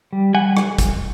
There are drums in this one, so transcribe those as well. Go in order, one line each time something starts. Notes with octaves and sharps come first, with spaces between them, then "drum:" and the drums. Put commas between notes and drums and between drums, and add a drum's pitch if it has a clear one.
G3
G3 F#5 G#5
drum: rim click
drum: kick, hi-hat